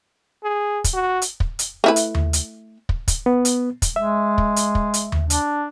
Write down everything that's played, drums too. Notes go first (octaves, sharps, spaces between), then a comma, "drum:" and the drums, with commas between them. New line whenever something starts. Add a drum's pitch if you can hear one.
G#4
drum: kick, hi-hat
F#4
drum: hi-hat
drum: kick
drum: hi-hat
A3 E4 B4
drum: hi-hat
drum: tom D#2
drum: hi-hat
drum: kick
drum: kick, hi-hat
B3
drum: hi-hat
drum: kick, hi-hat
G#3 E5
drum: kick
drum: hi-hat
drum: kick
drum: hi-hat
drum: tom D#2
D4, drum: hi-hat